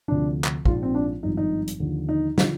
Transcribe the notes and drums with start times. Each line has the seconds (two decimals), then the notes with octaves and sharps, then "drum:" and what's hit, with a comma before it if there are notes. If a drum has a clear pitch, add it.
0.08 D2 C3 F3 D4
0.44 drum: clap
0.65 A#1 G#2 F3 F4, drum: kick
0.83 C4
0.95 D4
1.23 G#1 G2 F3 D#4
1.37 D#4
1.68 drum: hi-hat
1.80 D#2 D3 F3
2.09 D#4
2.38 D3 F3, drum: snare